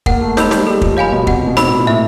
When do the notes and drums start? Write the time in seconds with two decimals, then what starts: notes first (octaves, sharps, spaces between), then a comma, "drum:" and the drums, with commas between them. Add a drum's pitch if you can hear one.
0.06 A#3 F#5, drum: kick
0.21 A3
0.37 G#3 B5 E6 G6, drum: snare
0.51 G3, drum: snare
0.67 G3 A4
0.81 F3, drum: kick
0.97 F3 C#5 F5 G#5 B5
1.12 B2
1.27 C3 F#5, drum: kick
1.47 B2
1.57 B5 E6, drum: snare
1.68 A2
1.77 A#2
1.87 A2 E5